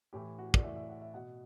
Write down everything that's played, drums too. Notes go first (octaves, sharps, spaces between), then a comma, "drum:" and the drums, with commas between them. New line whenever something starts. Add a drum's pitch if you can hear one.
A2 E3 G4
F#4
D5, drum: kick
A2 E3 E5
E5
F#5
E5
B2 F#5